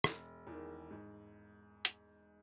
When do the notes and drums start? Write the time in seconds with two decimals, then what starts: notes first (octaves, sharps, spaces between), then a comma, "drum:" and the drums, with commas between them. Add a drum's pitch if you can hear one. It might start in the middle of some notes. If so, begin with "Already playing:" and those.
0.04 E1, drum: rim click
0.47 E2
0.52 D#3
0.90 G#2
1.85 drum: hi-hat